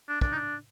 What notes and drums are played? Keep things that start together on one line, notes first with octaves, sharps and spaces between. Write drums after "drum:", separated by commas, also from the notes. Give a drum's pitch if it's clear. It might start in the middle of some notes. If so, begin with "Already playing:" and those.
D4
D4, drum: kick
D#4
D4